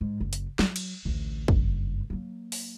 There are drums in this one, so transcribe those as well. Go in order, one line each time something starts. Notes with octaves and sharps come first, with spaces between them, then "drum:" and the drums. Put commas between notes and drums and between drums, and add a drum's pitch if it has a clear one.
G#2
F#1
drum: hi-hat
F#3, drum: snare
drum: cymbal
A1 D2
F#1 G2, drum: kick
F#3 A#3
drum: open hi-hat